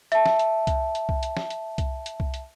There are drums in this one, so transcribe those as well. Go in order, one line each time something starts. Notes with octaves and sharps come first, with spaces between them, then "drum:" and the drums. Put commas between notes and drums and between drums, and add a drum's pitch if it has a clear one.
E5 A5, drum: hi-hat
drum: snare
drum: hi-hat
drum: kick C2, hi-hat
drum: hi-hat
drum: kick C2
drum: hi-hat
drum: snare
drum: hi-hat
drum: kick C2, hi-hat
drum: hi-hat
drum: kick C2
drum: hi-hat